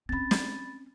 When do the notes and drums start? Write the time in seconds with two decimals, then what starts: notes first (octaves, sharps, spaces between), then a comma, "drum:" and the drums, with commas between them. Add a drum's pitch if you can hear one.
0.09 C4 C#4 B5 A6
0.31 drum: snare